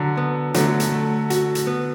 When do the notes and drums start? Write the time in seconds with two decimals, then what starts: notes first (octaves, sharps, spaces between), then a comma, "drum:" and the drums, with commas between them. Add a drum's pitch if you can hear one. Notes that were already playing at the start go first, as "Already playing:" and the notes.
Already playing: D3 F#3
0.17 B3
0.54 D3 F#3 A3, drum: hi-hat
0.80 drum: hi-hat
0.92 A3
1.30 F#4, drum: hi-hat
1.55 drum: hi-hat
1.67 B3